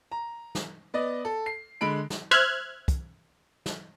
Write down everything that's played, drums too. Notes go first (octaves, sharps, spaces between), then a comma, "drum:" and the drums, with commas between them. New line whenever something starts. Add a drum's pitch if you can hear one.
A#5
drum: snare
B3 D5 D#5
A4
C7
D3 G#3 B5 D7
drum: snare
C5 E5 F6 F#6 G#6
drum: kick, hi-hat
drum: snare